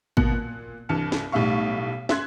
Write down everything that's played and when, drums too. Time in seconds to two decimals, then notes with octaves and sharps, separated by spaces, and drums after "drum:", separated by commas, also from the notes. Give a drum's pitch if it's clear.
0.17 B2 A#3 F#6 C#7, drum: kick G#1
0.31 A#2
0.89 C2 G2 E3 A5 F6 C#7
1.12 drum: snare
1.32 B1 A2 G3 E5 F5 C#6
2.09 E5 C6 F#6 G#6, drum: snare